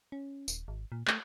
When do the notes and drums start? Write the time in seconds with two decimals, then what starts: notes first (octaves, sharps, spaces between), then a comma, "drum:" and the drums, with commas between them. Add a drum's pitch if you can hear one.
0.12 C#4
0.48 D#1, drum: tambourine
0.68 G#1
0.92 A#2
1.08 A3, drum: clap